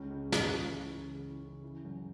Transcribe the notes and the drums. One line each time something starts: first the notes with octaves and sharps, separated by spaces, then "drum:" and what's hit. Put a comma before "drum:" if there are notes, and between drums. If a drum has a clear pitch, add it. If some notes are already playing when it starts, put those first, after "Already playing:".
Already playing: C#2 C#4
C#2
E3, drum: snare
C#2
E3
C#3
E3
C#3
E3
F#2